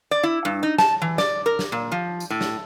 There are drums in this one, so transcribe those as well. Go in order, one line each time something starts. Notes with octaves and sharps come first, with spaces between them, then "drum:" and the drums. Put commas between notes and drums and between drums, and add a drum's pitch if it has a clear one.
D5
E4
G2
D#4
A5, drum: snare
E3
D5, drum: snare
A#4
drum: snare
A#2
F3
drum: tambourine
A2
drum: snare